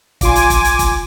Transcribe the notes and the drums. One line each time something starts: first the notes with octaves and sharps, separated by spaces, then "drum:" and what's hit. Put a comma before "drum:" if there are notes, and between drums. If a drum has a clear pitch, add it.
A#1 F4 G#5 C6 D6, drum: kick, hi-hat
drum: hi-hat
drum: kick, hi-hat
drum: hi-hat
drum: kick, hi-hat